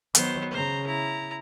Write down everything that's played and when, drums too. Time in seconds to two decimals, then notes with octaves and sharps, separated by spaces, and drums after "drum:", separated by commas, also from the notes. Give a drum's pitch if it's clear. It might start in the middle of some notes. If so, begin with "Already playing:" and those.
0.15 D#3 F#3 B3 C5, drum: hi-hat
0.52 C#3 C5 A#5
0.87 E4 A#5